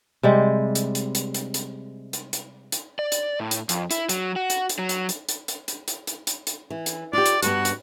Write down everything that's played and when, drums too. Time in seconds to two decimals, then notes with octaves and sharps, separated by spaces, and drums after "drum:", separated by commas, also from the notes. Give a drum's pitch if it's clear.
0.23 C3 G3 G#3
0.75 drum: hi-hat
0.95 drum: hi-hat
1.15 drum: hi-hat
1.34 drum: hi-hat
1.54 drum: hi-hat
2.13 drum: hi-hat
2.33 drum: hi-hat
2.72 drum: hi-hat
2.99 D5
3.12 drum: hi-hat
3.40 A2
3.51 drum: hi-hat
3.69 F2, drum: hi-hat
3.91 E4, drum: hi-hat
4.09 F#3, drum: hi-hat
4.36 F#4
4.50 drum: hi-hat
4.69 drum: hi-hat
4.79 F#3
4.89 drum: hi-hat
5.09 drum: hi-hat
5.29 drum: hi-hat
5.48 drum: hi-hat
5.68 drum: hi-hat
5.88 drum: hi-hat
6.07 drum: hi-hat
6.27 drum: hi-hat
6.47 drum: hi-hat
6.70 E3
6.86 drum: hi-hat
7.13 F4 G4 D5
7.26 drum: hi-hat
7.43 G2 B3 F#4, drum: hi-hat
7.65 drum: hi-hat